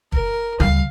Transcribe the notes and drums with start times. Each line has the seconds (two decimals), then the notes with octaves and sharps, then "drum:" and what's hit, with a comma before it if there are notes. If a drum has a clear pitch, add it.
0.12 A#4, drum: kick
0.60 D2 G3 F5, drum: tom C#3